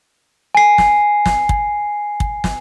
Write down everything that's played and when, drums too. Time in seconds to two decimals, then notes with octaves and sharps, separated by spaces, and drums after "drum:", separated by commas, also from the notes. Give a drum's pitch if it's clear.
0.55 G#5 C7
0.78 drum: snare
1.26 drum: snare
1.49 drum: kick
2.20 drum: kick
2.44 drum: snare